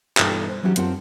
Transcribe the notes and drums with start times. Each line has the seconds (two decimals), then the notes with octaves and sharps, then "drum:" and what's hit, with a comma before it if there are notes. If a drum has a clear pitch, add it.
0.17 G2 B2 E3 D#4 F4 A4, drum: clap
0.49 C5
0.63 E3 F#3 C#4 D#4 F#4 G4
0.76 F#2 C4 F4 F#5 A5, drum: hi-hat